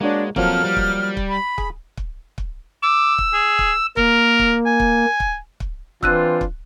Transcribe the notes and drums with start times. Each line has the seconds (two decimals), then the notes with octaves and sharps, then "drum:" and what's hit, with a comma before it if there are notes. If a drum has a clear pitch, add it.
0.01 G#3 A#3 D4 F#4 C#5
0.36 F3 F#3 A#3 C4 A4 F6, drum: kick
0.64 G3
0.76 drum: kick
1.17 drum: kick
1.29 B5
1.58 G#4, drum: kick
1.97 drum: kick
2.38 drum: kick
2.83 D6 E6
3.18 drum: kick
3.33 G#4
3.59 drum: kick
3.97 A#3 A#4, drum: kick
4.39 drum: kick
4.66 G#5
4.80 drum: kick
5.20 drum: kick
5.60 drum: kick
6.03 E3 C4 D4 F4 E6 F#6 D#7, drum: kick
6.41 drum: kick